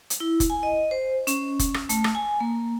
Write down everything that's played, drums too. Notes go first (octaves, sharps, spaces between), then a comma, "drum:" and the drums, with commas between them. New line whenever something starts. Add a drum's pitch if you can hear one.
drum: hi-hat
E4
drum: kick F1, hi-hat
G#5
D#5
C5
C#4, drum: hi-hat
drum: kick F1, hi-hat
drum: rim click
A3, drum: hi-hat
drum: rim click
G#5
A#3